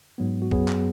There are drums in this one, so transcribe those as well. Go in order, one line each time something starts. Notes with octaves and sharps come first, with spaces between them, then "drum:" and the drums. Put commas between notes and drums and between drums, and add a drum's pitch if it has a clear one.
G#2 F#3 B3
F#4
F#2 F#3 B3 G#4, drum: kick B1
drum: clap